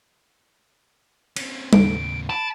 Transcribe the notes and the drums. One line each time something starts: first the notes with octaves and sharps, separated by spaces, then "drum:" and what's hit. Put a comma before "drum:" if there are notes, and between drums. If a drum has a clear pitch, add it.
C4 C#4, drum: cymbal
D#2 A2 C#3 D7, drum: tom G3
A5 B5 D7